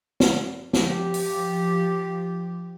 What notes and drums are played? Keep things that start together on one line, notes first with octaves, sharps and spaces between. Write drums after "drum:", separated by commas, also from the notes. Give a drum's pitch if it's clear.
drum: snare
F3 G4, drum: snare
drum: open hi-hat